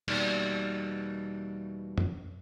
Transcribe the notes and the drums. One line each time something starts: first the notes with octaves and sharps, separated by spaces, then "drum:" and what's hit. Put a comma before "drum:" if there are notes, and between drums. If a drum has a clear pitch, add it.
E2 B2 G3 A#3 D#4 D5, drum: cymbal
drum: tom